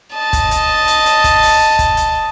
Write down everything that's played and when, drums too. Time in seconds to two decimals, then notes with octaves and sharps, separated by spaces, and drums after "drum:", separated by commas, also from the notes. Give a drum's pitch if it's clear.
0.15 D#5 A5
0.33 drum: kick, hi-hat
0.51 drum: hi-hat
0.88 drum: hi-hat
1.06 drum: hi-hat
1.24 drum: kick, hi-hat
1.42 drum: open hi-hat
1.79 drum: kick, hi-hat
1.97 drum: hi-hat